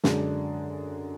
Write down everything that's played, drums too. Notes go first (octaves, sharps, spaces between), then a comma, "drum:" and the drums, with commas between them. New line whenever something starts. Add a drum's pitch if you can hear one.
F#2 D3 G#3 D4, drum: snare